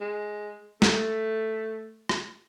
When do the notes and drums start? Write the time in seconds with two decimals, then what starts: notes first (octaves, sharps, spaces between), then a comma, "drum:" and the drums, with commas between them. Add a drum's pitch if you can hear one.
0.01 G#3
0.82 A3, drum: snare
2.09 drum: rim click